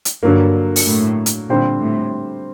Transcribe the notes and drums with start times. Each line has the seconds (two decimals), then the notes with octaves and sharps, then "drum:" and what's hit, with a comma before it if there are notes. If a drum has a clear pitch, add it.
0.05 drum: hi-hat
0.23 G2 D3 F#3 A#3
0.76 drum: open hi-hat
0.86 A2
1.26 drum: hi-hat
1.49 A#2 D3 G3 C4 G4 C5
1.81 A2